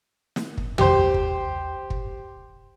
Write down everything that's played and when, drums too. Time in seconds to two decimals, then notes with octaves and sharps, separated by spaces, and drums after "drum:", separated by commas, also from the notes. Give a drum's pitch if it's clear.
0.36 drum: snare
0.57 drum: kick
0.78 G4 C5, drum: tom
1.14 drum: kick
1.90 drum: kick